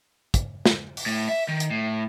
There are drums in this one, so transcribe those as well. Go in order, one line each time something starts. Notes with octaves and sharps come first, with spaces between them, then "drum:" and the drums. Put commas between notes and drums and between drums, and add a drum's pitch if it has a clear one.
drum: kick, hi-hat
drum: snare
drum: open hi-hat
A2
E5
D#3
drum: hi-hat
A2